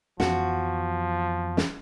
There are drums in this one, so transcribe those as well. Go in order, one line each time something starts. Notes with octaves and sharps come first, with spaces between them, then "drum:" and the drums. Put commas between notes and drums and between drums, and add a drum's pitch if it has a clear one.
F2 E3 F3 B3 F#4, drum: snare
drum: snare